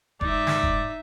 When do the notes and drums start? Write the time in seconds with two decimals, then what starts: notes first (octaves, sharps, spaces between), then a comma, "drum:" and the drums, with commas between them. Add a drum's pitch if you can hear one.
0.21 G#2 D#4 D5 E5, drum: kick F1
0.47 drum: snare
0.63 drum: kick F1